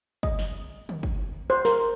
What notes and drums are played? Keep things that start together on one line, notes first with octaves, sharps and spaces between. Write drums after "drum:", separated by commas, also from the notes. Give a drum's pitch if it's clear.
D#5, drum: kick
drum: snare
drum: tom D3
drum: kick
C5
A#4, drum: snare